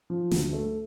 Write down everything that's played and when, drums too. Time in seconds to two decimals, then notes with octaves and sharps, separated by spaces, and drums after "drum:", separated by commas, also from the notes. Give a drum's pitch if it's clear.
0.10 F3
0.31 D2, drum: snare
0.53 A3